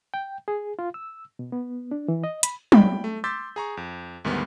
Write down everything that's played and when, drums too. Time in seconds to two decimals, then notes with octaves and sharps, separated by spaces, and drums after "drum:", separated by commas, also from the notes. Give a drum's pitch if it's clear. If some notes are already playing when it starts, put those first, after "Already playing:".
0.14 G5
0.48 G#4
0.79 F4
0.94 E6
1.39 B2
1.52 B3
1.91 D4
2.08 E3
2.24 D#5
2.43 B5, drum: hi-hat
2.72 G5 B5, drum: tom F#3
3.04 A3
3.24 C6 D6 E6 G6 A6 B6
3.56 G#4 A#5 C#6
3.77 F2
4.24 D2 G#2 D#3 G3 B3